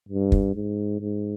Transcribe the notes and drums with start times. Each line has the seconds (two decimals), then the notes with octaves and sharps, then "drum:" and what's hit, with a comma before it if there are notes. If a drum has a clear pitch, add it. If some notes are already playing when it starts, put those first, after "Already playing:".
0.09 G2
0.32 drum: kick
0.55 G#2
1.01 G#2